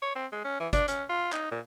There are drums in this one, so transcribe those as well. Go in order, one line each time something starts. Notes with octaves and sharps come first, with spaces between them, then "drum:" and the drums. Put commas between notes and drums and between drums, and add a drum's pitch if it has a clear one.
C#5
C4
G#3
C#4
E3
D4, drum: kick G1, hi-hat
C#4, drum: hi-hat
F4
D#4, drum: clap
A#2